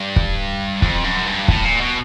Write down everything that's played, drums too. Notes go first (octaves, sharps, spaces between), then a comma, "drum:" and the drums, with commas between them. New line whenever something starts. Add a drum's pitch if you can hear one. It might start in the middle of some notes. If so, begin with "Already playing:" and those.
Already playing: G2
drum: kick
F2, drum: kick
F#2
G2
A2, drum: kick
A#2
B2